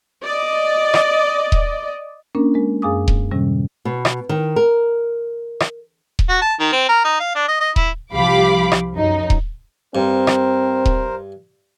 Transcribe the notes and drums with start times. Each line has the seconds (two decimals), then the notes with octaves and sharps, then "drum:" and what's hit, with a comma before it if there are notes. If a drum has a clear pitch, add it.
0.22 D5 D#5
0.94 drum: rim click
1.52 drum: kick D#1
2.35 A#3 C#4 D4 A#4
2.54 G#3 A#4
2.82 F#2 G#4 F5 G#5 D6 D#6
3.08 drum: kick D#1
3.31 A2 C3 D#3 G3 C#4
3.85 B2
4.05 drum: rim click
4.29 D#3
4.56 A#4
5.60 drum: rim click
6.19 drum: kick D#1
6.29 F#4
6.42 A5
6.60 D#3
6.72 C4
6.89 A#4
7.04 D#4
7.20 F5
7.35 D4
7.48 D#5
7.61 D#5
7.76 E4, drum: kick D#1
8.14 C2 F3 G4 F5 B5 D6
8.72 drum: rim click
8.94 F#2 D#4
9.30 drum: kick D#1
9.95 G2 C4 A#4 C5
10.27 drum: rim click
10.85 drum: kick D#1